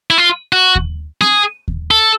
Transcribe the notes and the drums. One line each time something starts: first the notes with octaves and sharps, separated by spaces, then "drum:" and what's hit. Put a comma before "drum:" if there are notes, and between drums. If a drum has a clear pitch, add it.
E4
F4
F#4
drum: kick D#2
G#4, drum: snare C4
drum: kick D#2
A4